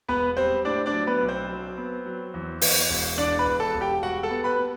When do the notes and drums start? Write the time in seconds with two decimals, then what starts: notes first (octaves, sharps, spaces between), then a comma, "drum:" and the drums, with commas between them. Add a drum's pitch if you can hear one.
0.08 E1 B3 B4
0.37 G3 C4 C5
0.65 A2 D4 D5
0.86 D4 D5
0.93 F#3
1.07 B3 B4
1.21 B1
1.28 C4 C5
1.49 F#3
1.78 B3
2.06 F#3
2.34 E2
2.61 E2, drum: open hi-hat
2.90 E1
3.18 E2 D4 D5
3.39 B4 B5
3.46 E1
3.60 A4 A5
3.74 E1
3.81 G4 G5
4.02 G3 F#4 F#5
4.23 A4 A5
4.30 B3
4.44 B4 B5
4.58 B3